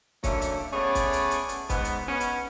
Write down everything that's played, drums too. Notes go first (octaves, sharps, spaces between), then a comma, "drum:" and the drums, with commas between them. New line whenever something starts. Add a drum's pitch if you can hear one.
F#3 A3 A#3 C#4 D4 E4, drum: kick C#1, hi-hat
drum: hi-hat
A3 B3 C#4 G#4 C#5 D5
drum: kick C#1, hi-hat
drum: hi-hat
drum: hi-hat
drum: hi-hat
G#2 B3, drum: kick C#1, hi-hat
drum: hi-hat
B3 C#4
drum: hi-hat